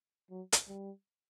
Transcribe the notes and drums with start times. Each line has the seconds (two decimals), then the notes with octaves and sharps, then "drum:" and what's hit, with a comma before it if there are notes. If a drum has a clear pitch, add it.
0.30 F#3
0.52 drum: hi-hat
0.68 G3